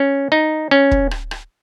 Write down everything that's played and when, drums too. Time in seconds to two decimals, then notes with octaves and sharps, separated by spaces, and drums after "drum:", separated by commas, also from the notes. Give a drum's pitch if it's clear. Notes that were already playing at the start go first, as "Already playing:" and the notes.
Already playing: C#4
0.32 D#4
0.71 C#4
0.91 drum: kick
1.11 drum: rim click
1.31 drum: rim click